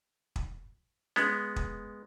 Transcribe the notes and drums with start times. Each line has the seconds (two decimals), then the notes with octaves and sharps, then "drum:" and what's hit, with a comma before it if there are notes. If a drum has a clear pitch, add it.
0.36 drum: kick
1.16 G#3 B3, drum: snare C#4
1.56 drum: kick